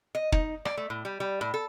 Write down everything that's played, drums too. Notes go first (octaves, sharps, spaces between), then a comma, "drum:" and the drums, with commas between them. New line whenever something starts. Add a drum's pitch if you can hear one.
D#5
D#4, drum: kick
D5, drum: rim click
A3
A2
G3
G3
A2
A4